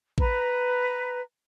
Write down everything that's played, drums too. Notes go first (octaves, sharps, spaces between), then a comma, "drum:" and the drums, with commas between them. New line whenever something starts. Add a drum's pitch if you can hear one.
B4 A#5, drum: kick A1